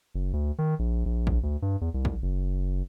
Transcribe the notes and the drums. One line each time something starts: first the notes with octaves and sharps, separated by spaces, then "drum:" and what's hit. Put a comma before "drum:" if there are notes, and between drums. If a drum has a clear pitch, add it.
F#1
D2
D#3
A#1
A#1
drum: kick
D2
G2
E2
C2
drum: kick
F#1